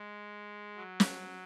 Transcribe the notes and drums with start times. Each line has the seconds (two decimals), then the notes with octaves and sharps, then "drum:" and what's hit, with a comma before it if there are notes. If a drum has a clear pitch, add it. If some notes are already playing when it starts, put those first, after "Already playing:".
Already playing: G#3
0.76 F#3
1.00 drum: snare